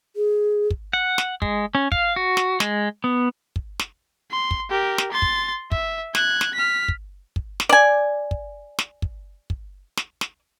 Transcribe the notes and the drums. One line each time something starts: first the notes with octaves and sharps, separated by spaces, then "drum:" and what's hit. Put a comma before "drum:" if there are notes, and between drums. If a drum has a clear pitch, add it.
G#4
drum: kick
F#5
drum: snare
G#3, drum: kick
C#4
F5, drum: kick
F#4
drum: snare
G#3, drum: snare
B3
drum: kick
drum: snare
C6
drum: kick
G4 A#4
drum: snare
C6 A6
drum: kick
E5, drum: kick
F#6 G#6, drum: snare
drum: snare
F6 B6
drum: kick
drum: kick
drum: snare
D5 G#5
drum: kick
drum: snare
drum: kick
drum: kick
drum: snare
drum: snare